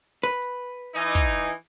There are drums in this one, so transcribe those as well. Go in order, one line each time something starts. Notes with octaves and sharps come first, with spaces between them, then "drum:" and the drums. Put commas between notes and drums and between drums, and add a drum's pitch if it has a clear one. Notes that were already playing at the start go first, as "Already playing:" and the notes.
B4, drum: open hi-hat
drum: hi-hat
E3 D#4
drum: kick